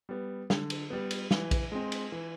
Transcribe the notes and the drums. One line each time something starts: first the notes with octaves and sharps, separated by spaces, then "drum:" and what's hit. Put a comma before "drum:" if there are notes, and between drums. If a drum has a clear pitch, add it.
G3 B3
D3, drum: snare
drum: cymbal
G3 B3
drum: cymbal
E3, drum: snare
drum: kick A#1, cymbal
G#3 C4
drum: cymbal
E3